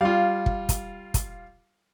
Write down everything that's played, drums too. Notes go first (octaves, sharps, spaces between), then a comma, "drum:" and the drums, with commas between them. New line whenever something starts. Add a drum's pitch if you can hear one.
G3 F4 F5
drum: kick
drum: kick, hi-hat
drum: kick, hi-hat